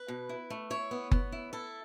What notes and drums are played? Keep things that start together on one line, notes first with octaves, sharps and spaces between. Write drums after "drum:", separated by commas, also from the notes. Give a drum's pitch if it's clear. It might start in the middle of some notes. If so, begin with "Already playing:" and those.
Already playing: B4
B2
E4
A3
E4 C#5
B3
B3, drum: kick F#1
E4
E4 A4